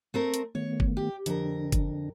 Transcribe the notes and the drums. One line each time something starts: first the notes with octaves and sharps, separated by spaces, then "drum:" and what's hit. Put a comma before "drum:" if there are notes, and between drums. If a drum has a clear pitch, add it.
A3 C4 A#4
drum: hi-hat
D#3 A3 B3 C#5
drum: kick
G4
F2 D3 D4 A#4, drum: hi-hat
drum: kick, hi-hat